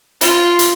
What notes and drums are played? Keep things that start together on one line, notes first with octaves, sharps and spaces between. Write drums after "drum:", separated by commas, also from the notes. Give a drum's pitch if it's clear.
F4, drum: hi-hat
drum: hi-hat